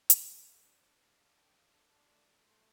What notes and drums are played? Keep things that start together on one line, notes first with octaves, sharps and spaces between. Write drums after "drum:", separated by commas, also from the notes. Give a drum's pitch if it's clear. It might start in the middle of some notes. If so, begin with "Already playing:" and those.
A3, drum: hi-hat
C5
A3 A4
F4
D4 C5
D4 D5
D4 F5
A4 F5
D4 G5
D5
A4 F5
D4 A5
D4 C6
A3 A5
A3
A3 C6